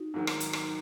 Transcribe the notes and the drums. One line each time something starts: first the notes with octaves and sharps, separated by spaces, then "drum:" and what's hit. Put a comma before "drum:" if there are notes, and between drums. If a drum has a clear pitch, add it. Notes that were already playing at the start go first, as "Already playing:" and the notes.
Already playing: D#4 F#4
G#2 D#3 F#3
drum: rim click
drum: hi-hat
drum: rim click